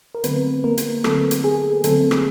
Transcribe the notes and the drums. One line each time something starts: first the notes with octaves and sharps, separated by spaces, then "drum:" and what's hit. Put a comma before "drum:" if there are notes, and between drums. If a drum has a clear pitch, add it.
A#4
D3 F#3 A3 B3 C4 B4, drum: hi-hat
A#3 A#4
drum: hi-hat
D3 F#3 A3 C4 A4, drum: rim click
drum: hi-hat
G#4
D3 F#3 A3 C4 A4, drum: hi-hat
drum: rim click